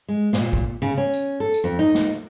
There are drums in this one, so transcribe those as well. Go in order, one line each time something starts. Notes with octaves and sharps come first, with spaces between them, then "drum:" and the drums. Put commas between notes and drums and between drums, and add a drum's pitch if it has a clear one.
G#3
A#2, drum: snare
drum: kick
C#3
C#4
drum: tambourine
A4
drum: tambourine
F2
D#4
drum: snare